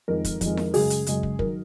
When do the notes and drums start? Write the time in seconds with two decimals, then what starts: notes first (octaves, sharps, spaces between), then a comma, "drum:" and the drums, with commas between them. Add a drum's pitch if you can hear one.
0.08 F2 D#3 G#3 A#4
0.25 drum: kick, hi-hat
0.41 F2 D#3 G#3, drum: kick, hi-hat
0.57 drum: snare E4
0.74 F#2 C#3 G#3 G#4, drum: open hi-hat
0.90 drum: hi-hat
1.07 F#2 C#3 G#3, drum: hi-hat
1.23 drum: kick
1.39 D#3 F#3 A#4, drum: kick